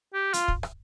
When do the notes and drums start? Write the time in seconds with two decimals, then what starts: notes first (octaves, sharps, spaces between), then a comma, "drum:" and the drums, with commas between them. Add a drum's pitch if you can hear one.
0.14 G4
0.33 F4, drum: hi-hat
0.48 drum: kick
0.63 drum: rim click